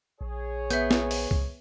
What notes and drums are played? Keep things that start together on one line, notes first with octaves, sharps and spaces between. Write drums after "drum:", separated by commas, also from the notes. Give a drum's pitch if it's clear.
A#1 G#4 C#5
B3 E5 G6, drum: hi-hat
drum: snare
drum: open hi-hat
drum: kick C2